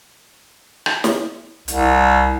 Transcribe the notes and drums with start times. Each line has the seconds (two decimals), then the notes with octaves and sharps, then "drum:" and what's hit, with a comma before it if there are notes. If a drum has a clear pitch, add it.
0.86 drum: rim click
1.04 drum: snare
1.68 C2, drum: hi-hat